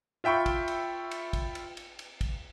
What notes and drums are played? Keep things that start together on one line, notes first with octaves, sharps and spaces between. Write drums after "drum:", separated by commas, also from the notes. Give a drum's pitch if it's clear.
F4 E5 G5 B5 C#6
drum: kick, cymbal
drum: cymbal
drum: cymbal
drum: kick, cymbal
drum: cymbal
drum: cymbal
drum: cymbal
drum: kick, cymbal